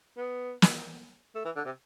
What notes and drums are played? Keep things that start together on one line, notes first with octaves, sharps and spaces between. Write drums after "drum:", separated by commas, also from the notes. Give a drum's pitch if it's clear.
B3
drum: snare
A3
E3
D3
C3